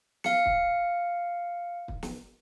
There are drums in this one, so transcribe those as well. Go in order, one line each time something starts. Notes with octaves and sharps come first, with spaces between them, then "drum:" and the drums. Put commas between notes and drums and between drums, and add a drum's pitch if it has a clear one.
F5 C#7, drum: snare
drum: kick
drum: kick
drum: snare